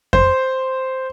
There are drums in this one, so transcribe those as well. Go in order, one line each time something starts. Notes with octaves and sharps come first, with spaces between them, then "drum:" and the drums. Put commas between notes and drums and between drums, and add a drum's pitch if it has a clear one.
C5, drum: kick F2